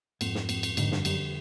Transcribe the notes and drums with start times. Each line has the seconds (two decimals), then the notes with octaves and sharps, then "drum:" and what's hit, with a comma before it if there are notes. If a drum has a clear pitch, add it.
0.21 F2 G#2, drum: cymbal
0.35 drum: snare
0.49 F2, drum: cymbal
0.63 drum: cymbal
0.77 G#2 D3, drum: cymbal
0.92 G2, drum: snare
1.05 F#2 G3, drum: cymbal